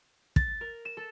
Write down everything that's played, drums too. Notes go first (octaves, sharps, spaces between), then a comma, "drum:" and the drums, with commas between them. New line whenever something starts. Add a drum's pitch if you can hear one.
A6, drum: kick
A#4
E7
A4